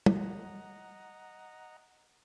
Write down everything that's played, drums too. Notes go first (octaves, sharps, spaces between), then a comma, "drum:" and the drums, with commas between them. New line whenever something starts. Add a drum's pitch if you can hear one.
D#5 F#5 A#5, drum: tom